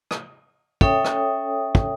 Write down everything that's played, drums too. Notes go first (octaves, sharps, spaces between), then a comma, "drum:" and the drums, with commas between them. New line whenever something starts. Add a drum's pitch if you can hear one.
drum: rim click
C#4 A4 C#5 E5 G5 D#6, drum: kick
drum: rim click
drum: kick